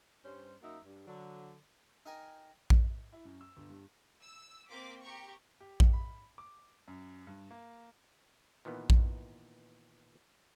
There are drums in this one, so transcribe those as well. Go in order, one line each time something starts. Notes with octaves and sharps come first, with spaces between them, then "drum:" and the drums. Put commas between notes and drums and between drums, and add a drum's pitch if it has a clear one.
G2 C#4 C5
F#2 A#3 D#4 F#4 A#4 E5
G2
D3 F#3
D#4 A#4 G5 G#5
drum: kick A#1
E4
F#2
E6
G1
G2
E6
A#3 C4 C6 D6 B6
G4 G5 A#5 C#6
G4
drum: kick A#1
B5
D6
F#2
G2
A#3
A#2 D#3 E3 B3
drum: kick A#1